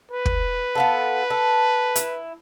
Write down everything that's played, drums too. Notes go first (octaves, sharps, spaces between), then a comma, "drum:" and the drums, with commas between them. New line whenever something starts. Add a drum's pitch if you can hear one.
B4
drum: kick
B3 F4 A4
A4
E4, drum: hi-hat